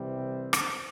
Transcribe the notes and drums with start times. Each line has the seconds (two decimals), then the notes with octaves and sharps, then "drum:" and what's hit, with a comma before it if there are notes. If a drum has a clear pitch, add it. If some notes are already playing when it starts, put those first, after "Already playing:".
Already playing: C2 C3 E3 G3 C4
0.53 drum: rim click